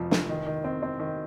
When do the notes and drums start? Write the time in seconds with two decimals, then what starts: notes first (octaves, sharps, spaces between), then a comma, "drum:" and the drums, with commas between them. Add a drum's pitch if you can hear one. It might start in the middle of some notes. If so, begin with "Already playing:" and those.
Already playing: F1 F2 F3
0.11 F1, drum: snare
0.29 D#3
0.47 D#3
0.64 C4
0.83 C4
0.99 D#3